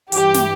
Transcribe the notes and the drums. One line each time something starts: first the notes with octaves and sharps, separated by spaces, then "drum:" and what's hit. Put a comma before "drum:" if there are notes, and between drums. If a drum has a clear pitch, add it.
G2 E3 G4, drum: hi-hat
drum: snare